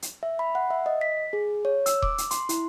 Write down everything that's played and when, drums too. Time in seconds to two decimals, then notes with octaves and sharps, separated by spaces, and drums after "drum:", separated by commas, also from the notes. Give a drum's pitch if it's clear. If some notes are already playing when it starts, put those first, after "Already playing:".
0.02 drum: hi-hat
0.23 E5
0.39 B5
0.55 F#5
0.70 E5
0.86 D#5
1.01 B6
1.33 G#4
1.65 C#5
1.86 E6, drum: hi-hat
2.02 D6, drum: kick D#1
2.18 drum: hi-hat
2.31 C6, drum: hi-hat
2.49 E4, drum: hi-hat